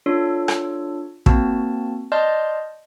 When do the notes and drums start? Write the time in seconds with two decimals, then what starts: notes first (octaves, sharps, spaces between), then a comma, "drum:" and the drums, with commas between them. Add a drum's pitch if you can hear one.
0.06 D4 F4 A4 C#5
0.48 drum: rim click
1.26 A#3 C4 F#4 A5, drum: kick
2.12 D5 D#5 A5 C6 F6 G6